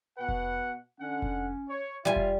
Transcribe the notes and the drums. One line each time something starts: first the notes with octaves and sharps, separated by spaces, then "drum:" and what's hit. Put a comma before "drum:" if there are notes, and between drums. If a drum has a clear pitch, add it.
B2 B4 F#5
drum: kick F1
D3 C#4 F#5
drum: kick F1
C#5
G3 F4 E5 G#5
drum: kick F1